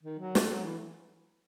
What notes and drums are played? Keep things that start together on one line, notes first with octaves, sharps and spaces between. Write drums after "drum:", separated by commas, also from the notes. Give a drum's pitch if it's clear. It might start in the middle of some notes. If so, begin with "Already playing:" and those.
D#3
F#3
A3, drum: snare
F#3
E3